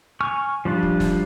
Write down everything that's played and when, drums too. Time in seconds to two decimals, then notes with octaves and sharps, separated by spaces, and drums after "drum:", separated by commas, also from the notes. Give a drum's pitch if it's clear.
0.21 G#5 C#6 F6
0.65 F3 G3 D4 F4
0.83 drum: kick
1.00 drum: snare